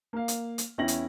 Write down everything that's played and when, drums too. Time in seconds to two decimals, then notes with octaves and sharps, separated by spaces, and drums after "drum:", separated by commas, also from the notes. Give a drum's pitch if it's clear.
0.13 A#3 F5
0.28 drum: hi-hat
0.58 drum: hi-hat
0.78 E2 C#4 E4 G5 A#6 F#7
0.88 drum: hi-hat